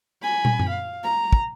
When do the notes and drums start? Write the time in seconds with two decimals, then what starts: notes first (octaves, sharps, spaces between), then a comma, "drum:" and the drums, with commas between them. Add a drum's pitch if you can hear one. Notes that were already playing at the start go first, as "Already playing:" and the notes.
0.23 G#5 B5
0.45 drum: tom
0.59 drum: tom F#2
0.70 F5
1.03 A#5
1.33 drum: kick